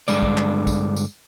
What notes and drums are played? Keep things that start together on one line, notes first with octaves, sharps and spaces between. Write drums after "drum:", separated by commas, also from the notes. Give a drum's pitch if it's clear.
G2 D3 G#3 D5, drum: tambourine
drum: kick
drum: clap
drum: kick, tambourine
drum: tambourine